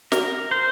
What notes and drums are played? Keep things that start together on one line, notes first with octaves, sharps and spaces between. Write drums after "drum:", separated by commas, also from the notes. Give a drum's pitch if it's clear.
A#4, drum: snare
C5